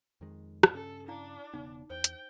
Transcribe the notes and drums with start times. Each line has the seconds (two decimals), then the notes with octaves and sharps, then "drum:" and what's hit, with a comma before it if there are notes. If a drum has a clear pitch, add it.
0.21 F2 D#3 G#3
0.63 drum: rim click
0.73 G2 C#3 C#4 A4
1.08 D4 E4 F5 A#5
1.54 E1 C#3 B3 D#4
1.90 E2 C5 G5
2.04 drum: hi-hat